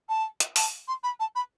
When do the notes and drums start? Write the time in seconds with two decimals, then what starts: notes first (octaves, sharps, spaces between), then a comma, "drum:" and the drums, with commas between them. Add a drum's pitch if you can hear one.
0.09 A5
0.40 drum: hi-hat
0.56 A5, drum: open hi-hat
0.88 C6
1.03 B5
1.19 A5
1.35 B5